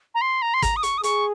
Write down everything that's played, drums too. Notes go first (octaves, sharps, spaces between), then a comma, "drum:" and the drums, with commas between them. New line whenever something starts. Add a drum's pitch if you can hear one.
A#5
C6
A#5
C6
A#5, drum: kick, hi-hat
D#6
C#6, drum: hi-hat
D#6
G#4 C#6, drum: hi-hat